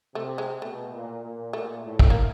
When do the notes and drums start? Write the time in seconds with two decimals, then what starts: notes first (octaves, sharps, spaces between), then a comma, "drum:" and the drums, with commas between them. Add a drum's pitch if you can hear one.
0.15 C3 A3
0.38 G#3
0.61 B2 A3
0.92 A#2
1.23 A#2
1.53 A#2 A3
1.85 A2
1.99 A3, drum: kick
2.10 A#3